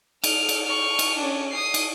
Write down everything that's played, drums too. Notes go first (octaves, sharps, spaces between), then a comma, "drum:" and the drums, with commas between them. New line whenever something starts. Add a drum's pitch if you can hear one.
F6, drum: cymbal
drum: cymbal
C#6 F6
drum: cymbal
C#4 D4
D#6 C7
drum: cymbal